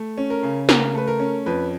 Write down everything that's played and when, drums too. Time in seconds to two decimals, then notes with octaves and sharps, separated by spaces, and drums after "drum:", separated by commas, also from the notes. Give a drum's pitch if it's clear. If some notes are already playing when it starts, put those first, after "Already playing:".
Already playing: A3
0.17 C#4
0.30 A#4
0.43 C#3
0.69 C#3 A#4, drum: snare
0.95 A3 B4
1.07 A#4
1.20 C#4
1.46 F2 B4